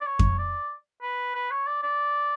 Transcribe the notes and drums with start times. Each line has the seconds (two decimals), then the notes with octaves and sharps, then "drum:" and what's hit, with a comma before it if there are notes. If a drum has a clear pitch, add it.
0.01 D5
0.06 C#5
0.19 drum: kick F2
0.39 D5
1.02 B4
1.35 B4
1.51 C#5
1.67 D5
1.83 D5